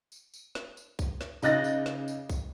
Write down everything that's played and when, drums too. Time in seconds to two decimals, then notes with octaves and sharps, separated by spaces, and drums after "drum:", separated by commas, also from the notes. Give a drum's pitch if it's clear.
0.12 drum: tambourine
0.34 drum: tambourine
0.55 drum: snare
0.77 drum: tambourine
0.99 drum: kick B1, tambourine
1.21 drum: snare
1.42 C#3 D#4 F#6 A6 A#6, drum: tambourine
1.64 drum: tambourine
1.86 drum: snare
2.08 drum: tambourine
2.30 drum: kick B1, tambourine